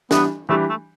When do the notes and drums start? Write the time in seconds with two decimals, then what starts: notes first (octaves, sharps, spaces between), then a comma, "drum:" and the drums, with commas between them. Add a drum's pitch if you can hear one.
0.11 E3 G3 B3 D4 G4, drum: snare
0.49 E3 G3 A3 D4 G4
0.69 A3